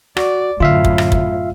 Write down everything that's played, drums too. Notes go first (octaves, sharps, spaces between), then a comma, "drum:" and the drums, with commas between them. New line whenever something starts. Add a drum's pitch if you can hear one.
F#4 D5, drum: rim click
F#2 A2 D3 F4 E5 F5
drum: kick
drum: rim click
drum: kick